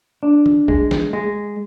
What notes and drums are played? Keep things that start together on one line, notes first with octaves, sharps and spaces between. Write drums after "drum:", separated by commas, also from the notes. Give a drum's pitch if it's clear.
D4
drum: tom D#3
G#3, drum: kick A#1
drum: snare
G#3